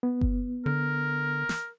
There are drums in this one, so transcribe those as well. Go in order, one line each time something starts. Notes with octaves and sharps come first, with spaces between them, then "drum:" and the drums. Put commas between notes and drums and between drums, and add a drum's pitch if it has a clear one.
B3
drum: kick G1
D3 A#4
drum: snare